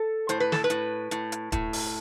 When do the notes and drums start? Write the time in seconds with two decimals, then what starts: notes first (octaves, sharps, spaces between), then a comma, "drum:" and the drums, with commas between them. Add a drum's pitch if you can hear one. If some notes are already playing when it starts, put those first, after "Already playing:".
Already playing: A4
0.29 A2 C5, drum: hi-hat
0.40 B4
0.52 A4, drum: snare
0.64 B4
0.70 A2, drum: hi-hat
1.11 A2, drum: hi-hat
1.32 drum: hi-hat
1.52 A2, drum: kick, hi-hat
1.73 drum: open hi-hat